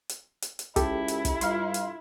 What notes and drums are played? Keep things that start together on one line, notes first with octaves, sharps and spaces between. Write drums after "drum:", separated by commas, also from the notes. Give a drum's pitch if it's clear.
drum: hi-hat
drum: hi-hat
drum: hi-hat
C#2 E4 G4 A4, drum: kick, hi-hat
drum: hi-hat
drum: kick, hi-hat
G2 F4 F5 C6, drum: hi-hat
drum: hi-hat